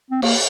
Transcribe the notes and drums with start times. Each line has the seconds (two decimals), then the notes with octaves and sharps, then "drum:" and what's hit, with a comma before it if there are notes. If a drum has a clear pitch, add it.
0.11 C4
0.22 A#3, drum: cymbal